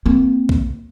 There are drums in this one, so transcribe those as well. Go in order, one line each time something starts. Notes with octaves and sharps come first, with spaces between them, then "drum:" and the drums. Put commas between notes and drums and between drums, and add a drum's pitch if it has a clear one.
A#3 C4
drum: kick B1